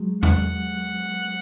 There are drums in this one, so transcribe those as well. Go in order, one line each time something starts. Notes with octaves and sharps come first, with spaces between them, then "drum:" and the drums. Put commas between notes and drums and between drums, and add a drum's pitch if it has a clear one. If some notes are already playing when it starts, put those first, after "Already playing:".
Already playing: F#3 G#3
F#5, drum: tom E2